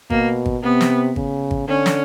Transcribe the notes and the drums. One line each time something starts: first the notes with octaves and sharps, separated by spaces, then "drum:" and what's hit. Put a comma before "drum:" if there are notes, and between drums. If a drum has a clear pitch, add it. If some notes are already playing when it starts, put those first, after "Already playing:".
B2 A#3, drum: kick G#1
drum: kick G#1
C3 B3
drum: snare
C#3, drum: kick G#1
drum: kick G#1
D3 C#4
drum: snare